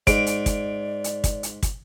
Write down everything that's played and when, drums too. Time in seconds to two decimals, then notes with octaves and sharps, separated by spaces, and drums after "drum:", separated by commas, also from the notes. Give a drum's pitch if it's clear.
0.07 G#2 D5 D7, drum: kick, hi-hat
0.26 drum: hi-hat
0.46 drum: kick, hi-hat
1.04 drum: hi-hat
1.24 drum: kick, hi-hat
1.43 drum: hi-hat
1.63 drum: kick, hi-hat